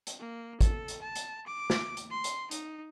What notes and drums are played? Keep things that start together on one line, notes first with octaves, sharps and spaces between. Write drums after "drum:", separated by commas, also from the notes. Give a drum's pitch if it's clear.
drum: hi-hat
A#3
A4, drum: kick, hi-hat
drum: hi-hat
A5
drum: hi-hat
D6
drum: snare
drum: hi-hat
C6
drum: hi-hat
D#4, drum: hi-hat